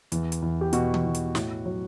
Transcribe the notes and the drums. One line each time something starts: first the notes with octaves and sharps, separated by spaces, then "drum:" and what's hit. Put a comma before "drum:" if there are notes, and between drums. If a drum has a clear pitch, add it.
E2, drum: hi-hat
drum: hi-hat
E2
G4
B2 F#4, drum: hi-hat
drum: tom D#3
E2
drum: hi-hat
A2, drum: snare
F#3